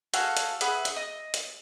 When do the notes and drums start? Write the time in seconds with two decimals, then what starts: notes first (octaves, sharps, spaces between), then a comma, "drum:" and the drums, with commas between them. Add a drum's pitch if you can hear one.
0.14 F#4 G#4 A4 F5, drum: hi-hat
0.37 drum: hi-hat
0.61 G#4 B4 E5 F#5, drum: hi-hat
0.85 drum: hi-hat
0.96 D#5
1.34 drum: hi-hat